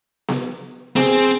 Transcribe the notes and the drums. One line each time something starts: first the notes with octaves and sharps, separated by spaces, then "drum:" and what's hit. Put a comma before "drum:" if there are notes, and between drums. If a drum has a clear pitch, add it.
drum: snare B3
C4 G#4, drum: snare B3